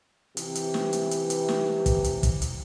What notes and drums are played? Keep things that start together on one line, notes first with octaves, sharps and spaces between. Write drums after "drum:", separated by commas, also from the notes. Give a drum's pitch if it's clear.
C3 E3 G4, drum: hi-hat
drum: hi-hat
drum: snare
drum: hi-hat
drum: hi-hat
drum: hi-hat
drum: snare
drum: kick, hi-hat
drum: hi-hat
drum: kick, hi-hat
drum: hi-hat